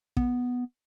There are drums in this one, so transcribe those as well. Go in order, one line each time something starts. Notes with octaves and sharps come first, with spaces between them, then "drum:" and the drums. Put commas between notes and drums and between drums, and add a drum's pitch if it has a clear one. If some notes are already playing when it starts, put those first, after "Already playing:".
B3, drum: kick